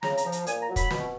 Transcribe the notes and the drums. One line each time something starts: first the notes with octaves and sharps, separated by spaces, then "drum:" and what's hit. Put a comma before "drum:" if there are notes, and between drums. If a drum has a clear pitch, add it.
C#3 A#5, drum: snare
A#5, drum: hi-hat
F3
A#5, drum: hi-hat
A#2 G#5, drum: hi-hat
A#5
F#3
B5, drum: kick, hi-hat
B2, drum: snare